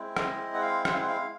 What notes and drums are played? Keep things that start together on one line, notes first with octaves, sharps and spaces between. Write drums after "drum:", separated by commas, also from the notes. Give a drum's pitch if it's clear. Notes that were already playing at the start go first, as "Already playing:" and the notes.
Already playing: G#3 C4 E4
D#5, drum: rim click
F#5
F5
F#5, drum: rim click
F5
F#5
F5